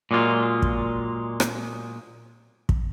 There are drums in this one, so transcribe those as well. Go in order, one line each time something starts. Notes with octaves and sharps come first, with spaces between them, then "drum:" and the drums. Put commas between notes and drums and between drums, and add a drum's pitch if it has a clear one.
A#2 F#3 G#3 A#3 F4
drum: kick
drum: rim click
drum: kick